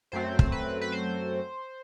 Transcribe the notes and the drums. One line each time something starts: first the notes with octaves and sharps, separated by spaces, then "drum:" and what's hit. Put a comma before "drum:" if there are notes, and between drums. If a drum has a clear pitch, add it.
F#2 F#3 A3 C4 C5
drum: kick
B4
B4
C5